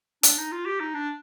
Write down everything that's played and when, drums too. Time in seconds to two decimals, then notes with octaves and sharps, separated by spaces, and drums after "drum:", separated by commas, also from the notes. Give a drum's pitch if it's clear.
0.23 D4, drum: hi-hat
0.38 D#4
0.52 F4
0.66 G4
0.81 D#4
0.95 D4